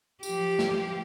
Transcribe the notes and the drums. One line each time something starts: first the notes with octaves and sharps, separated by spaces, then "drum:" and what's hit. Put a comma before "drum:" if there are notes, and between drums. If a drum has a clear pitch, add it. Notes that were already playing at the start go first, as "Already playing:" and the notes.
F3 G4, drum: tambourine
drum: snare